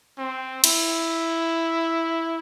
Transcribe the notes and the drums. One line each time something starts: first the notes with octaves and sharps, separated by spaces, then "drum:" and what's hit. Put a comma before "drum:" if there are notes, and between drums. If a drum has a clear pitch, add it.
C4
E4, drum: cymbal